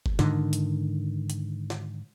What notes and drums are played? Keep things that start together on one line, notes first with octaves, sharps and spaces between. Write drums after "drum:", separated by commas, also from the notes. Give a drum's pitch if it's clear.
drum: kick G1
G#2 D3 D#3, drum: snare
drum: hi-hat
drum: hi-hat
drum: snare